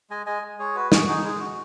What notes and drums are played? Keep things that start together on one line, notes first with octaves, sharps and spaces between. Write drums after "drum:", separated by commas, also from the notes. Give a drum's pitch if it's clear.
G#3 D#5 G#5
G#3 D#5 G#5
G#3
G#3 G#4 C#5
F#4 B4
F#4 G#4, drum: snare
D#4 G#4
G#3 G#4
F#4